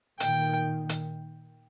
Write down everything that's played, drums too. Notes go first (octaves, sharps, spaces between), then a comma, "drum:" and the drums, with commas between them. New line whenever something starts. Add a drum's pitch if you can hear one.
A#2 D#3 G5, drum: hi-hat
drum: hi-hat